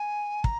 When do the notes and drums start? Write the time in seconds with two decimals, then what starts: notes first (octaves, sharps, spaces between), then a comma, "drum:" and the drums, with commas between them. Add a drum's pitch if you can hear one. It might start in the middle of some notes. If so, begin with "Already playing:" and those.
Already playing: G#5
0.44 A#5, drum: kick